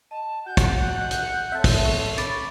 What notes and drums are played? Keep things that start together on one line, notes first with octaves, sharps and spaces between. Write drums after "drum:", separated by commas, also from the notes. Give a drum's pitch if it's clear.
D#5 A5
F#4 F#5 G#5 G6
drum: kick, hi-hat
D#5
drum: hi-hat
C4 A4 C#5 E5 A5
drum: kick, open hi-hat
C#6
B5 D6 A6, drum: hi-hat